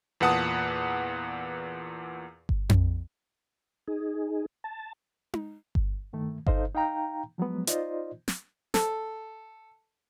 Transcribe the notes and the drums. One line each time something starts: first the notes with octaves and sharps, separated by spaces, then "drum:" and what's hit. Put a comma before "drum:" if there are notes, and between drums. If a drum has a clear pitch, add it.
E2 A#2 B4 F#5 A5 D#6
drum: kick G1
drum: tom F2
D#4 G#4
A5
drum: tom D#4
drum: kick G1
G2 D#3 A3
D#4 A4 C5 D#5 F5, drum: kick G1
D#4 F5 G5 A#5
F3 F#3 G#3 B3
D#4 F4 C5 D5 D#5, drum: hi-hat
drum: snare
A4, drum: snare